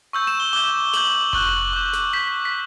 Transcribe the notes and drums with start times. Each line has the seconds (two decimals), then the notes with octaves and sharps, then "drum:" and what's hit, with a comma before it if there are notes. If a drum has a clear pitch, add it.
0.13 C#6 E6 G6
0.27 E7
0.40 G7
0.53 D6 G6 G7
0.94 D6 G6 F#7, drum: snare
1.33 C#6 F#6, drum: kick F1
1.73 D6 G6
1.93 drum: snare
2.13 D6 G6 B6
2.45 B6